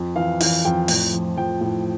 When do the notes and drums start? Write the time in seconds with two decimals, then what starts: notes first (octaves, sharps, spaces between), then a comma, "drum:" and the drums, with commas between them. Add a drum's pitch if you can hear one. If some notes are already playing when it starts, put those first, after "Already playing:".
Already playing: F2
0.16 E3 F5
0.40 E3 F5, drum: open hi-hat
0.65 F2 G5
0.88 A2, drum: open hi-hat
1.13 F3
1.37 F3 G5
1.61 A2